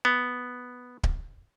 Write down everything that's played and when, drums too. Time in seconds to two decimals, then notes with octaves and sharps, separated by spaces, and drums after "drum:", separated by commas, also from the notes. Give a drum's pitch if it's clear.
0.05 B3
1.03 drum: kick D1